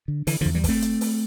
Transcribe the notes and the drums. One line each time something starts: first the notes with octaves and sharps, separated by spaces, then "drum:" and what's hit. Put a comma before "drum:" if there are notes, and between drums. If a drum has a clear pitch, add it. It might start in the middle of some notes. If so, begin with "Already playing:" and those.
D3
D3 E3, drum: open hi-hat
E2 D3 F3
E3 G3
D3, drum: kick, open hi-hat
A3 C4
drum: hi-hat
drum: open hi-hat